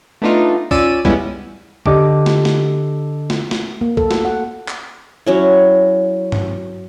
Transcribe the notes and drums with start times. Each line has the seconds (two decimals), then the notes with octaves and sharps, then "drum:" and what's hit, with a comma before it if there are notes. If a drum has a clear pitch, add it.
0.22 A3 B3 D4 D#4 F4
0.71 C#4 F4 D5 E6 D#7, drum: kick
1.05 G3 G#3 B3 C#4 E4, drum: kick
1.86 D3 D4 G4 D#5 D6, drum: kick
2.26 drum: snare
2.45 drum: snare
3.30 drum: snare
3.51 drum: snare
3.81 A#3
3.97 A4, drum: kick
4.11 F#4, drum: snare
4.25 F#5
4.68 drum: clap
5.26 F#3 C#4 E4
6.32 drum: tom G2